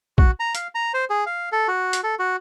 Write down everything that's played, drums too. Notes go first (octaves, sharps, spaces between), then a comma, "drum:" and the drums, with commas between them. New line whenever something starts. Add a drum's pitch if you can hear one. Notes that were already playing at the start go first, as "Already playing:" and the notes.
F#4, drum: kick A#1
A#5
F5, drum: hi-hat
A#5
C5
G#4
F5
A4
F#4
drum: hi-hat
A4
F#4